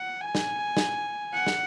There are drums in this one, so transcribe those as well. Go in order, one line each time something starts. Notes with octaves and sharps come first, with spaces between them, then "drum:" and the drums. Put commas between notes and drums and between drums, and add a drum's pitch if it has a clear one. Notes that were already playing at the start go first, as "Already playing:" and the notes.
Already playing: F#5
G#5
drum: snare
drum: snare
F#5
drum: snare